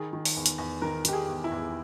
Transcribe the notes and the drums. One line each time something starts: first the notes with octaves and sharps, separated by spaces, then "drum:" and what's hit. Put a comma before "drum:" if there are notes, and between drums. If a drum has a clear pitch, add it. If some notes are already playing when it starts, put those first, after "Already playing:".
Already playing: D#3 G#4
D#3
drum: open hi-hat
E2
drum: hi-hat
E2
D#3 A#4
D#3 G4, drum: hi-hat
G#4
E2
E4
E2